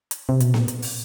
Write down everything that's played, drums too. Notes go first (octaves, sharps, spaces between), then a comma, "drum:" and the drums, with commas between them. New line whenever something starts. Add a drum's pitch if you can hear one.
drum: hi-hat
C3
B2, drum: hi-hat
A#2, drum: snare B3
drum: hi-hat
drum: open hi-hat